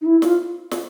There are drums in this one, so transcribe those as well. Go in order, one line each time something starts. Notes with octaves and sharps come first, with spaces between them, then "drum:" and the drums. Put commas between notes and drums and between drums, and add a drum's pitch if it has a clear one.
D#4
E4
F4, drum: snare
drum: snare